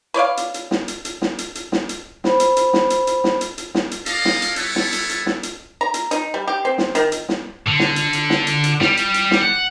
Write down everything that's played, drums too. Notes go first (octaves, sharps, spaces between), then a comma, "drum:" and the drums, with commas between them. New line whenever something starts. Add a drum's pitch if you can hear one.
B4 C#5 D5 F5
drum: hi-hat
drum: hi-hat
drum: snare
drum: hi-hat
drum: hi-hat
drum: snare
drum: hi-hat
drum: hi-hat
drum: snare
drum: hi-hat
C5 B5, drum: snare
drum: hi-hat
drum: hi-hat
drum: snare
drum: hi-hat
drum: hi-hat
drum: snare
drum: hi-hat
drum: hi-hat
drum: snare
drum: hi-hat
C#4 A4 D5 D#5 F5, drum: hi-hat
drum: snare
drum: hi-hat
G3 B3 E4 A4 B4 C#5, drum: hi-hat
drum: snare
drum: hi-hat
drum: hi-hat
drum: snare
drum: hi-hat
A#5
drum: hi-hat
D#4, drum: hi-hat
G3
G4
C4
drum: snare
D#3, drum: hi-hat
drum: hi-hat
drum: snare
D3
drum: snare
drum: hi-hat
drum: hi-hat
drum: snare
drum: hi-hat
drum: hi-hat
G3, drum: snare
drum: hi-hat
drum: hi-hat
drum: snare
F#5